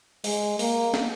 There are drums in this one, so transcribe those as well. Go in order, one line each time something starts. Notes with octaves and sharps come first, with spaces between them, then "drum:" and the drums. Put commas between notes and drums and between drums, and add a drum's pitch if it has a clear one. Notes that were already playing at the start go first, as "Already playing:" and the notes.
G#3, drum: open hi-hat
A#3, drum: open hi-hat
drum: snare